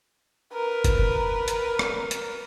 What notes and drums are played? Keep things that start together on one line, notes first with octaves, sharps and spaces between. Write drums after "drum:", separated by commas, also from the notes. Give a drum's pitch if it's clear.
A#4 B4
drum: kick F1, hi-hat
drum: hi-hat
drum: rim click
drum: hi-hat